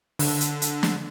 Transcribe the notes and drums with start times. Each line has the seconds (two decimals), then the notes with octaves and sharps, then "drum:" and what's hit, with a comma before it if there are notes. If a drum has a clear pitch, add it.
0.19 D3, drum: open hi-hat
0.41 drum: hi-hat
0.62 drum: hi-hat
0.83 drum: snare